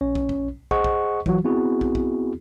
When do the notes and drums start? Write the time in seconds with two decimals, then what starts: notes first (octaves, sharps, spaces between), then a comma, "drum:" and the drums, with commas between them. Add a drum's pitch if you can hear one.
0.01 A#1 C#4 C#5
0.15 drum: kick
0.29 drum: kick
0.71 G#4 C5 D#5 F#5 C#6, drum: kick
0.84 drum: kick
1.26 E3 F#3 F4 F#4, drum: kick
1.44 B3 C4 E4 F#4 G#4
1.81 drum: kick
1.95 drum: kick